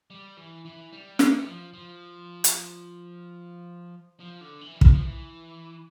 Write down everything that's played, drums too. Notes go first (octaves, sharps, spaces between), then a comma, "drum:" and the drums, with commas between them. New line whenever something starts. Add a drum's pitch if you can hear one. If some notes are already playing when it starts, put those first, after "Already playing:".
G3
E3
E3
G3
A3, drum: snare
G3
F3
F3
drum: hi-hat
F3
D3
E3
G3
F3, drum: kick
F3
E3